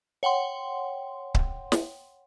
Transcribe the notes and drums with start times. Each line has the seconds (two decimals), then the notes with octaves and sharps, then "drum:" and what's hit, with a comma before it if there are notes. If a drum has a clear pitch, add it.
0.23 C#5 F#5 G5 C6
1.35 drum: kick C#1
1.72 drum: snare